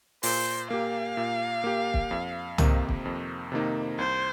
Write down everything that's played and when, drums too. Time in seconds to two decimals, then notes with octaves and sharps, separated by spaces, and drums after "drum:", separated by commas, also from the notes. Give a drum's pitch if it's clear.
0.23 A#2 C5, drum: open hi-hat
0.70 A#3 G4 F5
1.17 A#2
1.64 A#3 G4
1.94 drum: kick
2.11 F2
2.58 C3 D#3 A#3 D#4, drum: tom
2.89 drum: kick
3.05 F2
3.52 C3 D#3 A#3 D#4
3.98 C2 C5